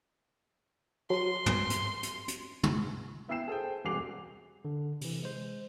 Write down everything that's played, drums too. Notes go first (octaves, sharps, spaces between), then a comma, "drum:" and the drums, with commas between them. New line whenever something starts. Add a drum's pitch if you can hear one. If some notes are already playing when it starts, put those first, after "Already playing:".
F#3 C6
drum: tom
drum: hi-hat
drum: hi-hat
drum: hi-hat
drum: tom
B3 E4 G5 E6 C7 E7
G#4 A4 C5 G5
E1 C2 F#4 D6 C7 F7
D3
C3 E3, drum: open hi-hat
G#3 C5